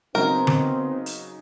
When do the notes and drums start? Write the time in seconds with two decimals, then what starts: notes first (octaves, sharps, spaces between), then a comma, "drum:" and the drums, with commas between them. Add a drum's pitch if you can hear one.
0.15 C#3 F#3 B3 C4 D#4 A#4
0.47 drum: tom D3
1.06 drum: hi-hat